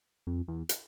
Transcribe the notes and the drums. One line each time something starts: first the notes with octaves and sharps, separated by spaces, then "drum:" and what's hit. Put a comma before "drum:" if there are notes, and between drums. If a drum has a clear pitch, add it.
F2
E2
drum: hi-hat